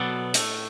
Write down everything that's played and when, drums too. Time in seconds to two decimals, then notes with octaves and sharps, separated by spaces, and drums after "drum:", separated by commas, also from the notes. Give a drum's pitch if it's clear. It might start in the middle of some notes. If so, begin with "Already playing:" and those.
Already playing: B2 F#3 B3 A4 D5
0.34 A2 A3, drum: hi-hat